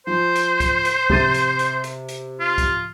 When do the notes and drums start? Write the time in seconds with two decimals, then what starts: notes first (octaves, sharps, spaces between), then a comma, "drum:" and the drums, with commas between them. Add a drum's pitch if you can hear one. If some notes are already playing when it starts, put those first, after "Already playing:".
0.07 F3 C5
0.35 drum: hi-hat
0.60 drum: kick, hi-hat
0.85 drum: hi-hat
1.10 C3 A6 D#7, drum: kick
1.34 drum: hi-hat
1.59 drum: hi-hat
1.84 drum: hi-hat
2.08 drum: hi-hat
2.40 F4
2.58 drum: kick, hi-hat